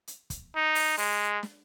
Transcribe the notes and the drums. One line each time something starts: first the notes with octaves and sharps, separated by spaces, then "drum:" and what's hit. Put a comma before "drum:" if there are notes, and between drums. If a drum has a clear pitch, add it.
drum: hi-hat
drum: kick, hi-hat
D#4
drum: open hi-hat
G#3, drum: open hi-hat
drum: snare